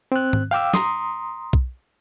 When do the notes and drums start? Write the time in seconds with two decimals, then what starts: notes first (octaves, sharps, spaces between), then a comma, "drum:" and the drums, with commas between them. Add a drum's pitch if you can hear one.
0.12 C4 F#6
0.33 drum: tom G#2
0.51 F5 G5 D6 E6
0.74 A#5 C6 D#6, drum: snare
1.53 drum: kick B1